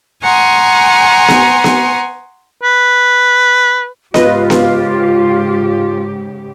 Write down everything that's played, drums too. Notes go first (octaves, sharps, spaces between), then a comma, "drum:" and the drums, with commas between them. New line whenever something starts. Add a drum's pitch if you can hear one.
F#5 G#5 A#5 C6 C#6 D#6
drum: snare B3
drum: snare B3
B4
G#2 C#3 F4 G4 B4 D#5, drum: snare B3
drum: snare B3